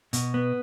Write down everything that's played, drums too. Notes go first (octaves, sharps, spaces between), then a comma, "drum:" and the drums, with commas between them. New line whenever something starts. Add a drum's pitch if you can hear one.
B2, drum: hi-hat
B3